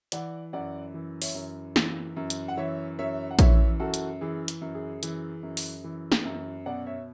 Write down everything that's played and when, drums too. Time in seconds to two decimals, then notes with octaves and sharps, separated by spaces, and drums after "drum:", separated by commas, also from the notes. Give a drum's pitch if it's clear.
0.12 E3 D5 F#5, drum: hi-hat
0.53 F#2 D5 F#5
0.94 E3
1.22 C#5 E5, drum: open hi-hat
1.35 F#2
1.76 E3, drum: snare
2.17 F#2
2.30 drum: hi-hat
2.48 F#5
2.57 E3 C#5 E5
2.99 F#2 C#5 E5
3.31 F#5
3.39 E3 C#5 E5, drum: kick A#1, hi-hat
3.80 F#2 F#4 A4
3.94 drum: hi-hat
4.21 E3 G#4
4.48 drum: hi-hat
4.62 F#2
4.75 G#4
5.03 E3, drum: hi-hat
5.43 F#2
5.57 drum: open hi-hat
5.84 E3
6.12 drum: snare
6.25 F#2
6.66 B2 D5 F#5
6.87 C#5 E5